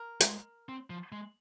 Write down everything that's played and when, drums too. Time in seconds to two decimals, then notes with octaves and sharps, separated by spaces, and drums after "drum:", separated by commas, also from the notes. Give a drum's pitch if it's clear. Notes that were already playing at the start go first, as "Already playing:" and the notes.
Already playing: A#4
0.20 G3, drum: hi-hat
0.25 G#3
0.69 C4
0.90 F3
1.12 G#3